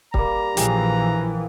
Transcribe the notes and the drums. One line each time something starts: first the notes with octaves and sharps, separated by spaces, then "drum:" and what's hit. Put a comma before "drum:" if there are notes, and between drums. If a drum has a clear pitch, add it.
G3 A#3 A#5, drum: kick
A#1 E3 F3 G4 G#4 F5, drum: hi-hat